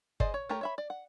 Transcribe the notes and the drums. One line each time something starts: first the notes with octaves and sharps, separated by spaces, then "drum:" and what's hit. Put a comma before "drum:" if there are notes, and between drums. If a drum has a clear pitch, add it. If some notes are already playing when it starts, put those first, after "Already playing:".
G#4 C5 D5 D#5, drum: kick G1
C#5
A3 G4 A#4 C#5 A#5
C#5 E5 B5
D5
F#5